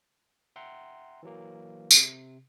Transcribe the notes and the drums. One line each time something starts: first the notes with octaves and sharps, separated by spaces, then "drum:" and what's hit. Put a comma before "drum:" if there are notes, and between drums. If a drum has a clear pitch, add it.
E5 F#5 G5 A#5 C6
E3 F#3 A#3
C3, drum: tambourine